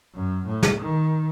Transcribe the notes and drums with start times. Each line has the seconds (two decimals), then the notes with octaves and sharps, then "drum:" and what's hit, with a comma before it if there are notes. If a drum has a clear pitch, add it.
0.15 F#2
0.47 A2
0.63 drum: snare
0.81 D#3